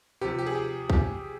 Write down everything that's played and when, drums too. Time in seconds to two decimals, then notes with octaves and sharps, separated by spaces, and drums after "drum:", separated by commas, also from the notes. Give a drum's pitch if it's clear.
0.21 C3 F3 G4
0.39 G4
0.46 G#4
0.55 G4
0.90 G4, drum: kick